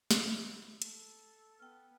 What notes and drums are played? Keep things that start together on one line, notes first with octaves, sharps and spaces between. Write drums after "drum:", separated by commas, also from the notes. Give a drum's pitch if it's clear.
drum: snare
E4
A4, drum: hi-hat
B3 G5 F6